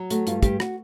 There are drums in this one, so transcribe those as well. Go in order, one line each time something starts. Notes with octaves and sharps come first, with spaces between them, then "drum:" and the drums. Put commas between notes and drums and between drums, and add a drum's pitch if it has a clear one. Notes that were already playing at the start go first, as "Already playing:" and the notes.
Already playing: F#3
A3 F#4, drum: hi-hat
G2 F4, drum: hi-hat
G2 G4, drum: kick, hi-hat
F#4, drum: rim click